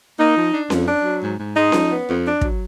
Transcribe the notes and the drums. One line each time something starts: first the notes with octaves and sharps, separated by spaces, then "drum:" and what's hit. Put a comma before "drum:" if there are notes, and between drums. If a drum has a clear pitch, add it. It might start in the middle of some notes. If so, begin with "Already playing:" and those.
A#3 D#4
F3
D4
F2, drum: snare C#4
D4
F#3
G#2
G#2
G#3 D#4
F3, drum: snare C#4
B3
F2
D4
F#3, drum: kick